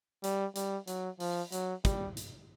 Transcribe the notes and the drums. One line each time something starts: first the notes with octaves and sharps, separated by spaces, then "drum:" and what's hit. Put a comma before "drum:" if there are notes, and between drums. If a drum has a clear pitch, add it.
G3, drum: hi-hat
G3, drum: hi-hat
F#3, drum: hi-hat
F3, drum: open hi-hat
F#3, drum: hi-hat
G3, drum: kick, hi-hat
drum: hi-hat